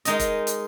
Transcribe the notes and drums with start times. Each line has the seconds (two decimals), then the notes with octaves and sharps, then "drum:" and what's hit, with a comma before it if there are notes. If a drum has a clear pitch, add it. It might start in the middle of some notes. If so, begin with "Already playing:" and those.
0.05 G#3 D#4 A#4 D#5, drum: hi-hat
0.20 drum: kick, hi-hat
0.47 drum: hi-hat